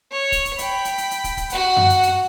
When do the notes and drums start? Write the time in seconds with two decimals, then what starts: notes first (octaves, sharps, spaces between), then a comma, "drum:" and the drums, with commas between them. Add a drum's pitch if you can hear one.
0.12 C#5
0.32 drum: kick, hi-hat
0.45 drum: hi-hat
0.58 G5 B5, drum: hi-hat
0.85 drum: hi-hat
0.98 drum: hi-hat
1.11 drum: hi-hat
1.24 drum: kick, hi-hat
1.37 drum: kick, hi-hat
1.50 F#4 F#5, drum: hi-hat
1.77 drum: tom F#2
1.90 drum: hi-hat
2.03 drum: hi-hat